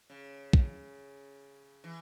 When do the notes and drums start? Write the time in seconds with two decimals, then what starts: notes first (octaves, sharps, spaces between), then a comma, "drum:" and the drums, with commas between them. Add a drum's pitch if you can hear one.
0.10 C#3
0.53 drum: kick
1.84 E3